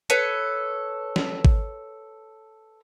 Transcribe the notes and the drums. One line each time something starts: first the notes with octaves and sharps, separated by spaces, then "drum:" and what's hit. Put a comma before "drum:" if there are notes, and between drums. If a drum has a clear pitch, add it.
A4 B4 C#5, drum: hi-hat
drum: snare
drum: kick G#1